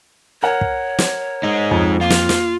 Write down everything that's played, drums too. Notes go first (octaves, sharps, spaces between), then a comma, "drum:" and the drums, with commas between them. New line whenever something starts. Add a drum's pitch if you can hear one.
A#4 C#5 F#5
drum: kick
drum: snare
G#3 D#4
F2, drum: kick
A#3 F4
drum: snare
drum: snare